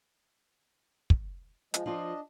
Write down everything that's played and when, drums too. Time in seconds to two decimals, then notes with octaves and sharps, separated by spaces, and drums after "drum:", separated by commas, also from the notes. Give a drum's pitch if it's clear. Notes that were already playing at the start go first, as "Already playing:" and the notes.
1.10 drum: kick
1.74 F3 G#3, drum: hi-hat
1.86 F3 D4 F4 D#5